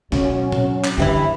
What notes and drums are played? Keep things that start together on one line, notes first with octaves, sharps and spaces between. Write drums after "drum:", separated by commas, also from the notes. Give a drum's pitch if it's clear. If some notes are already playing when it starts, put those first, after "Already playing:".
B2 F#3 C#4, drum: snare
drum: tom
drum: clap
D#2 D3 E3 E4 G4